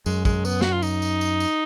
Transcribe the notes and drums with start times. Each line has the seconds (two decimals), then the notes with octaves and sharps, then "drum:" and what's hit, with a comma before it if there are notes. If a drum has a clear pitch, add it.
0.06 F#2 G#3, drum: tambourine
0.25 G#3, drum: kick, tambourine
0.45 B3, drum: tambourine
0.61 F#4, drum: snare
0.73 F4
0.82 D#4, drum: tambourine
1.02 drum: tambourine
1.21 drum: tambourine
1.40 drum: tambourine